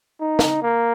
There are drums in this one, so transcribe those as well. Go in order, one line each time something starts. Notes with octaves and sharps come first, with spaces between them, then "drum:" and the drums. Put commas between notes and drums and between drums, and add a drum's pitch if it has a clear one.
D#4
drum: snare
A#3